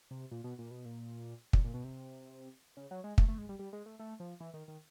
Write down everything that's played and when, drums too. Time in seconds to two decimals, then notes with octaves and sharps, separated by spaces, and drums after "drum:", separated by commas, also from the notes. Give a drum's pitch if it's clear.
0.11 C3
0.31 A#2
0.44 B2
0.59 A#2
0.71 B2
0.85 A#2
1.53 A#2, drum: kick
1.64 A#2
1.74 B2
1.84 C3
2.77 C#3
2.91 F#3
3.04 G#3
3.18 A3, drum: kick
3.28 A3
3.38 G#3
3.49 G3
3.59 G3
3.73 G#3
3.86 A3
3.99 A3
4.20 F3
4.40 E3
4.54 D#3
4.68 D#3